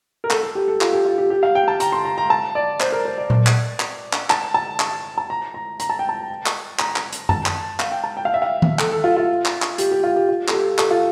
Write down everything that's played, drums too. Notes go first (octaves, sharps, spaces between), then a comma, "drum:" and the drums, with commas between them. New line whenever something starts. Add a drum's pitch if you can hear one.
A#4
A4, drum: clap
A4
G4
A4
F4, drum: clap
G4
F4
G4
G4
F5
G5
A5
A#5, drum: hi-hat
C6
A#5
A#5
A5
D5
C5, drum: clap
A#4
C5
D5
drum: tom A#2
drum: clap
drum: clap
drum: clap
A5, drum: clap
A5
drum: clap
A5
A#5
A#5
A#5, drum: hi-hat
A5
G5
A5
drum: clap
A#5, drum: clap
drum: clap
drum: hi-hat
A5, drum: tom F#2
drum: clap
F5, drum: clap
G5
A5
G5
F5
E5
F5
drum: tom D#3
A4, drum: clap
A4
F4
F4
drum: clap
drum: clap
G4, drum: hi-hat
G4
F4
G4
F4
A4, drum: clap
G4
A4, drum: clap
F4